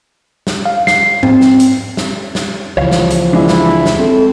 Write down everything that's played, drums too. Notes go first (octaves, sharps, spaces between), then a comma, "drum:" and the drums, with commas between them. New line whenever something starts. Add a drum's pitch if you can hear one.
drum: snare
F5
C7, drum: snare
C4, drum: tom G#2
drum: snare
drum: hi-hat
drum: snare
drum: snare
C#2 E3 F3 C#5 F5
drum: snare
drum: hi-hat
G#3 D4 E4
drum: snare
drum: snare
C4 A4